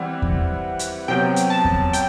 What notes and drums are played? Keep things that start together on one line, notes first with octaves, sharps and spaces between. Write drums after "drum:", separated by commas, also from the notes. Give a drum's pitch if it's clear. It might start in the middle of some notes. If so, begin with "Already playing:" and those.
Already playing: E3 G3 C4 E4 G4 F#5
drum: kick E2
drum: hi-hat
C3 F#3 B3 G5
drum: hi-hat
A5
drum: kick E2
G5, drum: hi-hat